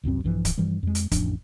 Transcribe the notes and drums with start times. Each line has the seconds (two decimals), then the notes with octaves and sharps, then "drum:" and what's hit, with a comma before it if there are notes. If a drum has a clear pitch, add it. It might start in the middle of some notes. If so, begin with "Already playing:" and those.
0.03 D#1 C2 F#2 C4
0.24 A#1 G2 E3 F3
0.45 drum: kick C#1, hi-hat
0.58 G2 E3 F3 G3
0.83 F2 G#3
0.95 drum: hi-hat
1.11 A1 F2 F3 D4, drum: kick C#1, hi-hat